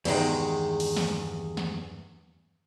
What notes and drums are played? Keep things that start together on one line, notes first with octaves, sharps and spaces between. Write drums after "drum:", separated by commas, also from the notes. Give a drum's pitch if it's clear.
E2 G2 D#3 G#3, drum: cymbal
drum: open hi-hat
drum: snare
drum: snare